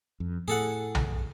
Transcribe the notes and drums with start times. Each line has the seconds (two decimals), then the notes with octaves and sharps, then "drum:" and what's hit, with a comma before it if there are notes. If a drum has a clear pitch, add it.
0.20 F2
0.48 A2 G#4 A4 F#5
0.95 drum: tom B1